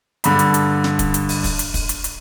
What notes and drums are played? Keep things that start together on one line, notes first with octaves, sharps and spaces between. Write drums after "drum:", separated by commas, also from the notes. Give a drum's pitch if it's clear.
G2 D3 B5, drum: hi-hat
drum: hi-hat
drum: hi-hat
drum: snare
drum: kick, hi-hat
drum: hi-hat
drum: open hi-hat
drum: kick, open hi-hat
drum: hi-hat
drum: kick, open hi-hat
drum: hi-hat
drum: hi-hat